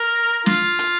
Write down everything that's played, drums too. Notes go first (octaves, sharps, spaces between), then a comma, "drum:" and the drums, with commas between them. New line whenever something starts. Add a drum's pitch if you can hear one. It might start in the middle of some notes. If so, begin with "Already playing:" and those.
Already playing: A#4
F4, drum: snare
drum: hi-hat